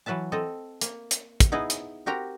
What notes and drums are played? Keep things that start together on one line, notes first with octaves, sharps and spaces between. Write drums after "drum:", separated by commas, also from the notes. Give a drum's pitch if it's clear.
E3 F#3 B4 E5 A5
C4 A4 D#5
A#3, drum: hi-hat
drum: hi-hat
drum: kick, hi-hat
B3 D#4 E4 G#4 D#5
drum: hi-hat
C4 F#4 G4 A#4 G5 A#5